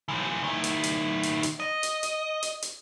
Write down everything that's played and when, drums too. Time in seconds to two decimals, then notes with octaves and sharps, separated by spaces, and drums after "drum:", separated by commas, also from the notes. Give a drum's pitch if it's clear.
0.08 E3 F3
0.44 D#3 E4
0.64 drum: hi-hat
0.83 drum: hi-hat
1.23 drum: hi-hat
1.43 drum: hi-hat
1.60 D#5
1.83 drum: hi-hat
2.03 drum: hi-hat
2.43 drum: hi-hat
2.62 drum: hi-hat